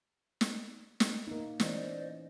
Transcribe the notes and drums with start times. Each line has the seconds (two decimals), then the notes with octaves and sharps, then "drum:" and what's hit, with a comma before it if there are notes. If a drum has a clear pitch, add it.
0.41 drum: snare
1.00 drum: snare
1.27 A#3 D#4
1.60 E3 C#4 C5 D5 D#5, drum: snare